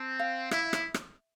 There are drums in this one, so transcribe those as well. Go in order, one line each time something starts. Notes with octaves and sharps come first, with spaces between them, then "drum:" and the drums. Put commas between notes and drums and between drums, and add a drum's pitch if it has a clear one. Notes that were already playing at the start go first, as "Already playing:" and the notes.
Already playing: C4 A5
F5
E4 E5, drum: rim click
drum: rim click
drum: rim click